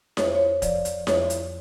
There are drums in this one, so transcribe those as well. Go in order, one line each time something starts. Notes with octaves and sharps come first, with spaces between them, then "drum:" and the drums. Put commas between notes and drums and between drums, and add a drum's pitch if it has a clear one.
F2 C#5, drum: snare E4
C5
C#5
F3 D5, drum: kick E1, hi-hat
drum: hi-hat
F2 C#5, drum: snare E4
drum: hi-hat